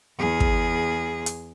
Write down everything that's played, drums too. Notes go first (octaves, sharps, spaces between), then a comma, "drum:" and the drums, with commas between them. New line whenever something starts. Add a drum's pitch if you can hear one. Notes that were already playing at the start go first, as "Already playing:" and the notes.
E2 G#4
drum: kick
drum: hi-hat